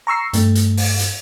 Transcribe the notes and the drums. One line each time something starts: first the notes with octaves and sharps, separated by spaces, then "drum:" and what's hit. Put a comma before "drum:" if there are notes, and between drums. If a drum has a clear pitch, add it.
A#5 C#6 E6 C7
G2 A3, drum: hi-hat
drum: hi-hat
drum: open hi-hat
drum: hi-hat